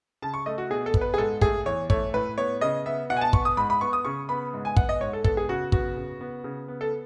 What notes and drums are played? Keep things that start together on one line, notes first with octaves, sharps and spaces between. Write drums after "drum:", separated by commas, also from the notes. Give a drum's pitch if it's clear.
C#3 A5
C#6
A3 D#5
F#4
B2 G#4
A4
B3, drum: kick
B4
G#4
G#2 A4
A3 G#4, drum: kick
E2 C#5
A3 C#5, drum: kick
A2 B4
B3 C#5
C#3 D#5
B3 E5
B2 F#5
G#5
A5
B3 C#6, drum: kick
D#6
G#2 B5
B5
B3 C#6
D#6
C#3 C#6
B3 B5
G#2
G#5
B3 F#5, drum: kick
D#5
G#2 C#5
A4
B3 A4, drum: kick
G#4
C#3 F#4
B3 F#4, drum: kick
C#3
B3
C#3
B3
A4